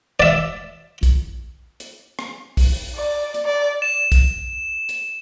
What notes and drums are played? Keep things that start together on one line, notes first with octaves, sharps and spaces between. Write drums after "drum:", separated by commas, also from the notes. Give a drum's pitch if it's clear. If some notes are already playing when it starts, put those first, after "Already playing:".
D5 E5
drum: kick, hi-hat
drum: hi-hat
drum: rim click
drum: kick, open hi-hat
D5
drum: hi-hat
D5
E7
drum: kick, hi-hat
drum: hi-hat